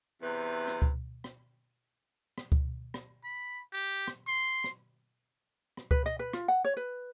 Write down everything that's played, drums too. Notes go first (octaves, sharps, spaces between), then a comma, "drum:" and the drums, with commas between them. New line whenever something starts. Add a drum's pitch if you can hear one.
E2 C3 E3 B4
drum: rim click
drum: kick C#2
drum: rim click
drum: rim click
drum: kick C#2
drum: rim click
B5
G4
drum: rim click
C6
drum: rim click
drum: rim click
B4, drum: kick C#2
D#5
B4
F4, drum: rim click
F#5
C#5
B4